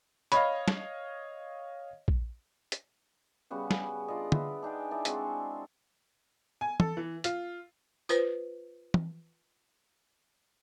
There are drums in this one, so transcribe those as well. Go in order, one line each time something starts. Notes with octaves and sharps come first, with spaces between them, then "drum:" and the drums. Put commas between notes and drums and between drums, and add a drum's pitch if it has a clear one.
C#5 D#5 F5 B5, drum: hi-hat
drum: snare
drum: kick A#1
drum: hi-hat
C#3 G3 B3 F#4
drum: snare
D4 F4 D5 D#5
B3 E5, drum: tom
D4 D#4 G#4 G5
D4 E4 D5 D#5
G#3 C4 F#4, drum: hi-hat
G#5
A4, drum: tom
E3
F4, drum: hi-hat
F4 B4 C5, drum: tambourine
drum: tom